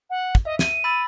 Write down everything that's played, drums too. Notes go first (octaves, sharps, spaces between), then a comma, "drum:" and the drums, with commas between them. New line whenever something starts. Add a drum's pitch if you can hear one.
F#5
drum: kick
D#5 E5
D#7, drum: snare
B5 E6 A6